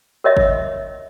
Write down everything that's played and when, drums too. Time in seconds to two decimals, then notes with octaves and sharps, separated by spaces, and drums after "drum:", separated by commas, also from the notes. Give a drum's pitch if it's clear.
0.24 A#4 C#5 D#5 E5
0.37 drum: kick